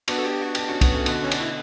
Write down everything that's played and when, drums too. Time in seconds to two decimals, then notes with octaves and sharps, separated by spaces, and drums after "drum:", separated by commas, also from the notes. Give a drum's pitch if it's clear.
0.08 B3 D4 F#4, drum: cymbal
0.18 A4
0.25 G4
0.41 F#4
0.55 D4 G4, drum: cymbal
0.69 C#4 F#4
0.81 B3, drum: kick, cymbal
0.95 A3 C#4
1.06 B2 D3, drum: cymbal
1.24 C#4
1.31 D4, drum: cymbal
1.40 E4